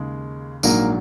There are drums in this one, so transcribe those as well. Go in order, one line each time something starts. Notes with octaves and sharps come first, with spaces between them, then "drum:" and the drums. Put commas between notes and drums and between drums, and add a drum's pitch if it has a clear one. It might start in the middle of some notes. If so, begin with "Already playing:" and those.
Already playing: D#2 C#3 G#3
A#1 G#2 F#3 A#3 A#4, drum: tambourine